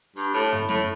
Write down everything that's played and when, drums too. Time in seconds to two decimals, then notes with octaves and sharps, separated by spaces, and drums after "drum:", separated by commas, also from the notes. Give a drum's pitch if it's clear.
0.16 G2, drum: hi-hat
0.34 A2
0.53 drum: tom F#2
0.69 A2, drum: snare